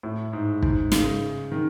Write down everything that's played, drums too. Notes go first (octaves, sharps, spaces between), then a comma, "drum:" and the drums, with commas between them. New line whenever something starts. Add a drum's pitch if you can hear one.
A2
G#2
G#2, drum: kick
C#3, drum: snare
D#3